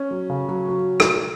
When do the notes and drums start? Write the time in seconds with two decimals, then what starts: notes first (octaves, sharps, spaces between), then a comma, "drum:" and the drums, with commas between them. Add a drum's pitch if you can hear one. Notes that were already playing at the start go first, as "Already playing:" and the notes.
Already playing: C#4
0.11 F#3
0.30 C#3
0.49 F#3
0.69 F#3
1.00 drum: rim click